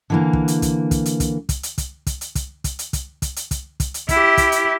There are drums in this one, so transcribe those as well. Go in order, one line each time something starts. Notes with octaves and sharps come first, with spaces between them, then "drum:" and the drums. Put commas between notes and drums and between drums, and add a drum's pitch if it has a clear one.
D3 E3 A#3
drum: kick
drum: hi-hat
drum: kick, hi-hat
drum: kick, hi-hat
drum: hi-hat
drum: kick, hi-hat
drum: kick, hi-hat
drum: hi-hat
drum: kick, hi-hat
drum: kick, hi-hat
drum: hi-hat
drum: kick, hi-hat
drum: kick, hi-hat
drum: hi-hat
drum: kick, hi-hat
drum: kick, hi-hat
drum: hi-hat
drum: kick, hi-hat
drum: kick, hi-hat
drum: hi-hat
E4 G4, drum: kick, hi-hat
drum: kick, hi-hat
drum: hi-hat